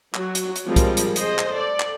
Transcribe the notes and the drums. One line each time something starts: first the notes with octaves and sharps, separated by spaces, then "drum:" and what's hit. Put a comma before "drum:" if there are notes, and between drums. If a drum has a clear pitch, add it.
F#3 F#4, drum: clap
drum: hi-hat
drum: hi-hat
F3 G3 G#3 C4 A#4
drum: kick, hi-hat
drum: hi-hat
G#4 C5 D#5, drum: hi-hat
drum: clap
A4 D5
drum: clap